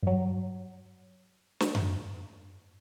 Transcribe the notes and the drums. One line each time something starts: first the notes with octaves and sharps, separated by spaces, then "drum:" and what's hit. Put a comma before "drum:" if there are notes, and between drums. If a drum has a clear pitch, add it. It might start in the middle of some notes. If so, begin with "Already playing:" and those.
G2 F#3
drum: snare
drum: tom F#2